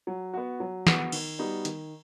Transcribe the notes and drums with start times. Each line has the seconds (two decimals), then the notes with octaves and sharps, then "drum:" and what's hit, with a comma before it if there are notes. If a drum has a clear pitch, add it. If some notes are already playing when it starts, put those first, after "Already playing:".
0.07 F#3
0.33 B3 F#4
0.60 F#3
0.87 B3 F#4, drum: snare
1.12 D#3, drum: cymbal
1.39 G3 B3 D#4 F#4
1.65 D#3, drum: hi-hat